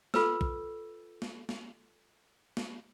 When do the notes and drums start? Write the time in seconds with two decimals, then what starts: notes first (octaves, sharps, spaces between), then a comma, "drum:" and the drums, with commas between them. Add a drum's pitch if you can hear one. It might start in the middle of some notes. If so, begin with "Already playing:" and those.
0.14 F4 A4 B4 E6, drum: snare
0.41 drum: kick
1.22 drum: snare
1.49 drum: snare
2.57 drum: snare